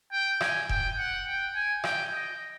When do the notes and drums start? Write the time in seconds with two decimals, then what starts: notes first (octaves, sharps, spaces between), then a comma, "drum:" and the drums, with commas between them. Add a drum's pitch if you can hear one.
0.12 G5
0.41 G#5, drum: rim click
0.69 G5, drum: kick E1
0.98 F#5
1.27 G5
1.55 G#5
1.84 G5, drum: rim click
2.12 D#5